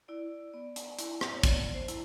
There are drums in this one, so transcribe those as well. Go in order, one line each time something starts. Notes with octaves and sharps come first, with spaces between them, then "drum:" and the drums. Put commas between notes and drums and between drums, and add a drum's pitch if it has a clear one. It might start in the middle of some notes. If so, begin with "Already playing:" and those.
E4 D5
B3 D5
drum: hi-hat
E4, drum: hi-hat
drum: rim click
C#5
B3 D5, drum: kick, hi-hat
C5
E4, drum: hi-hat